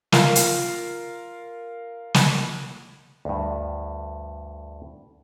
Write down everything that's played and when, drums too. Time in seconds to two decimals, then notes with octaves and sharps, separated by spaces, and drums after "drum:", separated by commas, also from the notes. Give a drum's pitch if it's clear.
0.12 F4 A#4 F5, drum: snare
0.35 drum: hi-hat
2.14 drum: snare
3.25 D2 G2